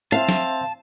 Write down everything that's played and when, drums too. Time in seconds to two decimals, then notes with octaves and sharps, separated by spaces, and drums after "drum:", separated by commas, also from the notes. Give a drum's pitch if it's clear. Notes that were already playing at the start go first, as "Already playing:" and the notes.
0.12 C4 E5 F5 A5
0.29 drum: snare